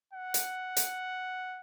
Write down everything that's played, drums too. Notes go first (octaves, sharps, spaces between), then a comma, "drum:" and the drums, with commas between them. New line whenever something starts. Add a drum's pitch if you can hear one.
F#5
drum: hi-hat
drum: hi-hat